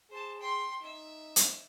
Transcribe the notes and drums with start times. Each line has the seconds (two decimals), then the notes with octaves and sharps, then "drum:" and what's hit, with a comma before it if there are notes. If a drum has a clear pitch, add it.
0.10 G#4 C5 A5
0.39 G5 C6
0.81 D#4 E5
1.36 drum: hi-hat